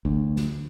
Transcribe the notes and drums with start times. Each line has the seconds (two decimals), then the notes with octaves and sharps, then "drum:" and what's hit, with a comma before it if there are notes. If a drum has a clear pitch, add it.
0.05 D2, drum: kick G#1
0.36 drum: snare